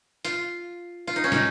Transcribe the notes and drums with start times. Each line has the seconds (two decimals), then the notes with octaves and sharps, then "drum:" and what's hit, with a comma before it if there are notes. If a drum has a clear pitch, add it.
0.25 F4, drum: hi-hat
1.07 F4
1.16 D#4
1.24 C#4
1.32 D#4, drum: snare